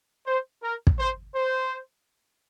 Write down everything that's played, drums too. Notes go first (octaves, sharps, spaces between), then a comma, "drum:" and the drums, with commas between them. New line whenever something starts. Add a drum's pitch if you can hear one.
C5
A#4
drum: kick
C5
C5